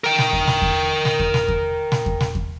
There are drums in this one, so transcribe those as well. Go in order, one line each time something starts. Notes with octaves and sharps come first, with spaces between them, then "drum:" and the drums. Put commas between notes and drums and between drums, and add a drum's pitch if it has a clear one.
A#4 G5
drum: snare
drum: kick E2
drum: snare
drum: kick E2
drum: snare
drum: kick E2
drum: snare
drum: kick E2
drum: snare
drum: kick E2
drum: snare
drum: kick E2